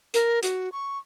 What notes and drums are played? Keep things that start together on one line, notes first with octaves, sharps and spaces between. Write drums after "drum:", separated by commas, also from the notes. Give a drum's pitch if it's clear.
A#4, drum: hi-hat
F#4, drum: hi-hat
C#6